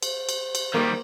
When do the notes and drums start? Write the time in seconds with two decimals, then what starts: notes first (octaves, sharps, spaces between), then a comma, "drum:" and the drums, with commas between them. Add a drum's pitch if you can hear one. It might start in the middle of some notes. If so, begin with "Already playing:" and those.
0.03 C5, drum: cymbal
0.29 drum: cymbal
0.55 drum: cymbal
0.74 D#3 G3 A#3